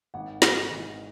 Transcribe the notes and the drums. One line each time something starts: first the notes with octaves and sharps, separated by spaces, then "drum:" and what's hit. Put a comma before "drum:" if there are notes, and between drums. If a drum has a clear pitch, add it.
G#1 F#5
G#2 E3, drum: snare
G#1